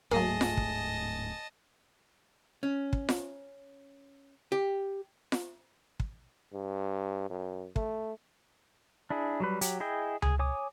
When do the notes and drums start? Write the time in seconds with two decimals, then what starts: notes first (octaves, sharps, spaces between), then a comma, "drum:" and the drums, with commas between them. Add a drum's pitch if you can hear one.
0.11 D1 G#2 F#3 A3 A#3 G#4 D#5 A5
0.41 drum: snare F4
0.57 drum: kick
2.63 C#4
2.93 drum: kick
3.09 drum: snare F4
4.52 G4
5.32 drum: snare F4
6.00 drum: kick
6.53 G2
7.30 F#2
7.76 A3, drum: kick
9.10 D4 E4 G#4
9.40 F#3 G3 B4
9.61 F#3 G4, drum: hi-hat
9.80 E4 G#4 D#5 G5
10.22 G#4, drum: tom C#2
10.39 C#5 G#5 D6 D#6